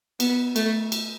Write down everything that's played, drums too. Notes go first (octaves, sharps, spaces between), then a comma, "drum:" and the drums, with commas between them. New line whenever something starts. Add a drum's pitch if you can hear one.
B3, drum: cymbal
A3, drum: cymbal
drum: cymbal